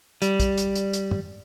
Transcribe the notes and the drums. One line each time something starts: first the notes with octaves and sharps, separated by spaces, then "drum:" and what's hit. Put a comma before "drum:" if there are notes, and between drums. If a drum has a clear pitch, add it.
G3, drum: hi-hat
drum: kick, hi-hat
drum: hi-hat
drum: hi-hat
drum: hi-hat
drum: tom